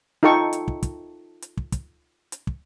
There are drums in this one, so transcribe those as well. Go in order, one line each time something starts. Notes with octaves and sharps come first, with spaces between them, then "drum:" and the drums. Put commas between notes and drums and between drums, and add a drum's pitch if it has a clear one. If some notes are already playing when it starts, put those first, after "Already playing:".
D#4 F4 A4 G5 C#6
drum: hi-hat
drum: kick
drum: kick, hi-hat
drum: hi-hat
drum: kick
drum: kick, hi-hat
drum: hi-hat
drum: kick